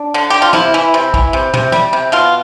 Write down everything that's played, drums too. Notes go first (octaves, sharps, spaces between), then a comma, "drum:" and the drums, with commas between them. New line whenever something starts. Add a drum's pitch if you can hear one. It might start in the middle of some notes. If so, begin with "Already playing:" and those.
Already playing: D4
D3
D3 G4
F4
C3 E4, drum: snare
E3
C3
E3, drum: kick
C3
C3, drum: tom
G3, drum: snare
C3
B2 F4